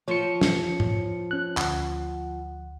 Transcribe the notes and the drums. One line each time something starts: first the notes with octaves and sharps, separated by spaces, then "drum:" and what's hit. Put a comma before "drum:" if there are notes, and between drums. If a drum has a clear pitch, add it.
F3 C5 C#5 C#7
drum: snare
drum: tom G#2
C#4 F#6
D2 F#5, drum: clap